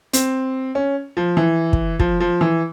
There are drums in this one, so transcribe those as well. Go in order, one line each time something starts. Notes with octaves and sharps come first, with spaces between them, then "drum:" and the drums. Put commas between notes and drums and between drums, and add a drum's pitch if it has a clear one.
C4, drum: hi-hat
C#4
F3
E3
drum: kick
F3, drum: kick
F3
E3